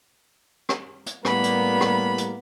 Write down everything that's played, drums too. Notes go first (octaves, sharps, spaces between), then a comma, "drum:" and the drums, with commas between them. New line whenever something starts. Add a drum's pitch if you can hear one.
drum: rim click
drum: hi-hat
A2 G3 A#3 B3 B5, drum: rim click
drum: hi-hat
drum: rim click
drum: hi-hat